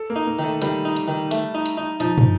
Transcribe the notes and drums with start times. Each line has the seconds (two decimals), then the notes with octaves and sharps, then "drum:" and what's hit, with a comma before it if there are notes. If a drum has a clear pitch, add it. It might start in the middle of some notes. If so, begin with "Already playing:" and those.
Already playing: A4
0.10 A#3
0.16 D#4
0.27 A#3
0.39 D#3
0.44 A3
0.62 D#3 G3, drum: hi-hat
0.85 D#4
0.96 drum: hi-hat
1.08 D#3
1.31 A3, drum: hi-hat
1.55 D#4
1.66 drum: hi-hat
1.78 D#4
2.00 F3 D#4, drum: hi-hat
2.18 drum: tom